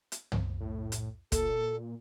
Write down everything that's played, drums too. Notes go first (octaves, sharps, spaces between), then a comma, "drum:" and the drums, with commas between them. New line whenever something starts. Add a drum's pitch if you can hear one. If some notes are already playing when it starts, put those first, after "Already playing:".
drum: hi-hat
drum: tom
A2
drum: hi-hat
A#2 A4, drum: kick, hi-hat